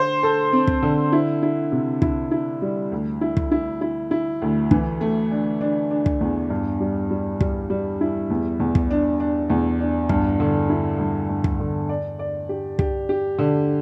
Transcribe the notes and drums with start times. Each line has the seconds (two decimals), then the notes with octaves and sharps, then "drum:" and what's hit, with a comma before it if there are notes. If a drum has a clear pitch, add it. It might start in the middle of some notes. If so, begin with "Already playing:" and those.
Already playing: D3 C5
0.23 A4
0.53 C4
0.67 drum: kick
0.83 D3
1.13 E4
1.42 E4
1.72 C3
2.02 E4, drum: kick
2.31 E4
2.62 G3
2.92 D2
3.21 E4
3.37 drum: kick
3.51 E4
3.81 E4
4.11 E4
4.42 D2
4.71 E3, drum: kick
5.01 A3
5.31 D4
5.61 D4
5.91 D4
6.06 drum: kick
6.21 E2
6.50 G2
6.80 G3
7.11 G3
7.41 G3, drum: kick
7.70 G3
8.01 E4
8.30 E2
8.60 E2
8.75 drum: kick
8.91 D4
9.20 D4
9.50 E2
9.80 D4
10.09 G2, drum: kick
10.40 D3
10.70 E4
10.99 G2
11.29 G2
11.44 drum: kick
11.59 D3
11.89 D5
12.19 D5
12.49 G4
12.79 G4, drum: kick
13.09 G4
13.38 D3